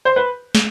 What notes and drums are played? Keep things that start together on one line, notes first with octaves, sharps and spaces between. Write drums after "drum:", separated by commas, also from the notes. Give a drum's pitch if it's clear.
C5
B4
drum: snare